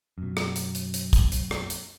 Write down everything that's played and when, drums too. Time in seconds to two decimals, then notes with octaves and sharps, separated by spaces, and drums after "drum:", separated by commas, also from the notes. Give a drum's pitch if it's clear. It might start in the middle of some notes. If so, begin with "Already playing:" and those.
0.18 F#2 B2
0.37 drum: rim click
0.56 drum: hi-hat
0.75 drum: hi-hat
0.94 drum: hi-hat
1.13 drum: kick, hi-hat
1.32 drum: hi-hat
1.51 drum: rim click
1.70 drum: hi-hat